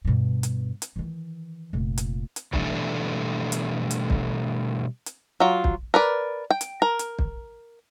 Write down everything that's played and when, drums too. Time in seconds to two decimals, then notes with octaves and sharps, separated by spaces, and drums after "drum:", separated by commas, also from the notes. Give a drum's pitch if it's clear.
0.05 G2 B2
0.43 drum: hi-hat
0.82 drum: hi-hat
0.96 D#3 E3
1.73 F1 A#2
1.98 drum: hi-hat
2.36 drum: hi-hat
2.53 B2 E3 G3 A3 D4 A4, drum: kick
3.52 drum: hi-hat
3.91 drum: hi-hat
4.10 drum: kick
5.06 drum: hi-hat
5.40 F#3 F4
5.64 drum: kick
5.94 A#4 B4 D5
6.50 G5
6.61 drum: hi-hat
6.82 A#4
6.99 drum: hi-hat
7.19 drum: kick